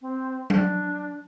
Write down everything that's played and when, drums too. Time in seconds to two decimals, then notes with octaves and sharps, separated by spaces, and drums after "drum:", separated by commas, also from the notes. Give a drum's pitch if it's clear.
0.02 C4
0.50 D4, drum: tom F#3